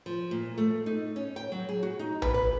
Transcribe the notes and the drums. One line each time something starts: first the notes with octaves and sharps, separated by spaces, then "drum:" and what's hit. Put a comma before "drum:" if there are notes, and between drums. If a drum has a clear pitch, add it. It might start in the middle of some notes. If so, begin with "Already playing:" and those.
F3
A#2
A3
D#4
C#4
G5
F#3
G#4
F#4
D#4
B4, drum: tom A#1
B4